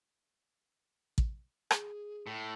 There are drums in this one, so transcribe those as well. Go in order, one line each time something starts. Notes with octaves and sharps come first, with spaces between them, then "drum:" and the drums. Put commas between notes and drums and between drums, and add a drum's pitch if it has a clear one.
drum: kick
G#4, drum: rim click
A2